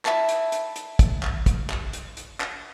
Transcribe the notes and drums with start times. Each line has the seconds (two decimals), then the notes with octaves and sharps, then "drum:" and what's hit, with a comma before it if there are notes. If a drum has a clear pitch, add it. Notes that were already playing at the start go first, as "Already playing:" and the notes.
0.05 E4 F4 E5 A5, drum: clap
0.29 drum: hi-hat
0.52 drum: hi-hat
0.76 drum: hi-hat
0.99 drum: kick, hi-hat
1.23 drum: clap
1.46 drum: kick, hi-hat
1.70 drum: clap
1.93 drum: hi-hat
2.17 drum: hi-hat
2.40 drum: clap